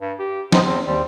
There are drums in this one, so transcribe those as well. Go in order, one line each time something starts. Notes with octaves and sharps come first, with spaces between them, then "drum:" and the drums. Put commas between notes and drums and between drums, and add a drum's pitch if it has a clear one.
G2
G4
A2 B3 C4 D#4, drum: snare
E2 C4
D#2 G3 C4